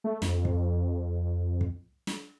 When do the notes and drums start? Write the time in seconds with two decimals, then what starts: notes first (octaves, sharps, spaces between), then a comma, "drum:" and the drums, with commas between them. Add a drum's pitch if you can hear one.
0.04 A3
0.22 F2, drum: snare
0.45 drum: kick
1.61 drum: kick
2.07 drum: snare